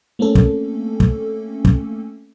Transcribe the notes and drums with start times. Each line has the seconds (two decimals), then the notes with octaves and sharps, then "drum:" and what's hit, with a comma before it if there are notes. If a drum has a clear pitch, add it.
0.19 A3 A#3 C4 C#4 A4
0.35 drum: kick
1.00 drum: kick
1.65 drum: kick